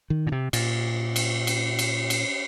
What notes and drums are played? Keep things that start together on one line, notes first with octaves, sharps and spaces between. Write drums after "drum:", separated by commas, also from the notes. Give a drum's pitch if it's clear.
D#3
A#2
C3
A#2, drum: cymbal
drum: cymbal
drum: cymbal
drum: cymbal
drum: cymbal